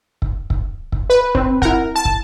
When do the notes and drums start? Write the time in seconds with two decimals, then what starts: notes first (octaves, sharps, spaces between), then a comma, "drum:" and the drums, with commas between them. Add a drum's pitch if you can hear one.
0.22 drum: kick
0.50 drum: kick
0.92 drum: kick
1.10 B4
1.35 C4, drum: kick
1.62 E4 A#4 F#5, drum: kick
1.96 A5
2.05 drum: kick